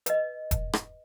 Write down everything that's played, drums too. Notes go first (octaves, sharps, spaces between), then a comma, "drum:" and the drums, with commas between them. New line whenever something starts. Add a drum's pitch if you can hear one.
B4 D#5, drum: hi-hat
drum: kick E1, hi-hat
drum: rim click